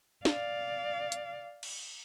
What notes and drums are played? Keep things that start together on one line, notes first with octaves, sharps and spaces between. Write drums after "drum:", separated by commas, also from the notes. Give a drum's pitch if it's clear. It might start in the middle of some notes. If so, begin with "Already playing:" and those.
D5 F5, drum: snare
drum: hi-hat
drum: cymbal